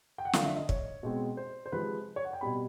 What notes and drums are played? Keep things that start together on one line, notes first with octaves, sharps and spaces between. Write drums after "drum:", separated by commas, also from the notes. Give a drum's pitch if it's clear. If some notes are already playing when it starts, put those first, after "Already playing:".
G5
F#5
D3 F3 A3 F5, drum: snare
E5
D#5
C#5, drum: kick
B2 G#3 C4
C5
C5
C3 F3 G#3 B4
C#5
F#5
G5
B2 G3 C4 B5